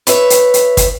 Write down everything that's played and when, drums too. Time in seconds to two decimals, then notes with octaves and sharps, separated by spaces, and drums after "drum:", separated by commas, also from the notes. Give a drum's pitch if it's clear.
0.07 B4 C#5 E5, drum: hi-hat
0.30 drum: hi-hat
0.54 drum: hi-hat
0.77 drum: kick, hi-hat